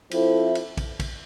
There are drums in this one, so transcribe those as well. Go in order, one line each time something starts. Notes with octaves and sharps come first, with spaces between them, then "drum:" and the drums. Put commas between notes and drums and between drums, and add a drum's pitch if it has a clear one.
F3 C4 E4 A4, drum: cymbal
drum: cymbal
drum: kick, cymbal
drum: kick, cymbal